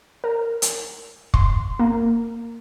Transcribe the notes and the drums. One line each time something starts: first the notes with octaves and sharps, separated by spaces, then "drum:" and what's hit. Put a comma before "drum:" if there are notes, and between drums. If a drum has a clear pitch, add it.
A#4
drum: hi-hat
C6, drum: kick
A#3